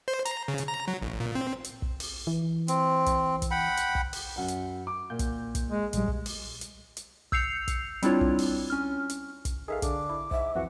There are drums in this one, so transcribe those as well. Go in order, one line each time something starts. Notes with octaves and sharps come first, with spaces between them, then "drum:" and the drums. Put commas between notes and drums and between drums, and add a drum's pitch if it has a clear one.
C5
A#5, drum: hi-hat
C#3
drum: hi-hat
A#5
F#3
A1
A#2
C4
drum: hi-hat
drum: kick
drum: open hi-hat
E3
C4, drum: hi-hat
drum: kick, hi-hat
drum: kick, hi-hat
F#5 G5 B5
drum: hi-hat
drum: kick
drum: open hi-hat
F#2 F#5
drum: hi-hat
D6
A#2 G6
drum: kick, hi-hat
drum: kick, hi-hat
G#3
A#1 G3 G#3, drum: hi-hat
drum: kick
drum: open hi-hat
drum: hi-hat
drum: hi-hat
E6 G6 C7 C#7 F7, drum: kick
drum: kick, hi-hat
G3 C4 D4 E4 F4 C#5, drum: hi-hat
drum: kick
drum: open hi-hat
C#4 F6
drum: hi-hat
drum: kick, hi-hat
D#3 G#4 A4 E5 F5
D3 D4 D6, drum: kick, hi-hat
E4
G#2 E5, drum: kick
F2 E3 F#4 F#5